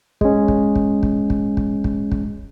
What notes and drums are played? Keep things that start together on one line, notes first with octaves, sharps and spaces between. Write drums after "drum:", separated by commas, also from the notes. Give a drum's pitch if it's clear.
G#3 C#4, drum: kick
drum: kick
drum: kick
drum: kick
drum: kick
drum: kick
drum: kick
drum: kick